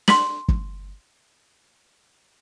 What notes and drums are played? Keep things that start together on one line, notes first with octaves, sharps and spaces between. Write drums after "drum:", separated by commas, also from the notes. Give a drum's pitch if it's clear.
C6 B6 F#7, drum: snare
drum: kick